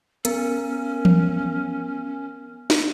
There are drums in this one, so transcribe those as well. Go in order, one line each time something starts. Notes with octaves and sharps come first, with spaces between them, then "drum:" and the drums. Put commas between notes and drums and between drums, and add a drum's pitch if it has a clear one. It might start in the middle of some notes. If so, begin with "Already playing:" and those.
B3 C#4 A#4, drum: hi-hat
drum: tom E3
drum: snare